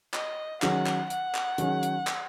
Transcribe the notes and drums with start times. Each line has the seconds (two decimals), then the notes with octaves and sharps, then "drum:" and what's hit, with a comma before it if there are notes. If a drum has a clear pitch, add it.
0.14 D#5, drum: clap
0.62 D#3 F#3 C#4 G#4 F#5, drum: clap
0.86 drum: clap
1.10 F#5, drum: hi-hat
1.35 drum: clap
1.58 D#3 F#3 C#4 G#4, drum: hi-hat
1.83 drum: hi-hat
2.07 drum: clap